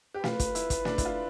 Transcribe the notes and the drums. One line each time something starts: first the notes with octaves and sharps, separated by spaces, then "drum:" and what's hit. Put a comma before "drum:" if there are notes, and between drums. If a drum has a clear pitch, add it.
G4
F4 B4, drum: snare
drum: kick, hi-hat
E4, drum: hi-hat
drum: kick, hi-hat
D4, drum: snare
E4, drum: kick, hi-hat
F4